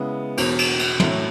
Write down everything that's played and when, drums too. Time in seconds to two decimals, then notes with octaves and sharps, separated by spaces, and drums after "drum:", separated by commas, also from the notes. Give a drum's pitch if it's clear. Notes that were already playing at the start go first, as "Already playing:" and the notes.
Already playing: C#3 G#3 B3 E4
0.37 E2 B2 F#3, drum: cymbal
0.59 drum: cymbal
0.79 drum: cymbal
1.00 A2 F#3 A3 C#4 E4, drum: tom